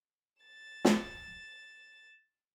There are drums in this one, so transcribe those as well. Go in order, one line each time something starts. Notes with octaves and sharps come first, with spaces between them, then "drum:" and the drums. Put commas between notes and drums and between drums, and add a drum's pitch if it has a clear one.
A6 E7
drum: snare